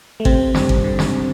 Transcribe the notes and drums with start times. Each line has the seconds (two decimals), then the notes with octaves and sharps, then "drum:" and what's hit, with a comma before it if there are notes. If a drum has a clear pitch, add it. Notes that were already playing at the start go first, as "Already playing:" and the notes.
0.20 A3
0.25 C3 C4, drum: kick G#1
0.55 G2 G3, drum: snare
0.69 drum: kick G#1
0.84 D3
0.99 drum: snare